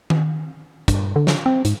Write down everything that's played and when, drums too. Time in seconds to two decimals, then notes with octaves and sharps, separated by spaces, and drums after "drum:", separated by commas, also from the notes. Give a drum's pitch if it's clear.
0.10 drum: tom D#3
0.88 G2, drum: kick, hi-hat
1.16 D3
1.27 drum: snare
1.46 C4
1.65 G#2, drum: hi-hat